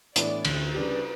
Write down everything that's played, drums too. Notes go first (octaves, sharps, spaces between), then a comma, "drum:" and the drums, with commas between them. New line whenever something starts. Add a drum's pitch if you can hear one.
A2 E3 B3 D4 D5, drum: hi-hat
D2 C#5, drum: cymbal
C#3 G3 D4 G4 B4